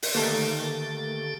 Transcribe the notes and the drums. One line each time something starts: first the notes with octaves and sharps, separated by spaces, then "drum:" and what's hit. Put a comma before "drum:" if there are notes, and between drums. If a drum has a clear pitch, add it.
drum: open hi-hat
D3 D#3 A3 A#3 G4 A4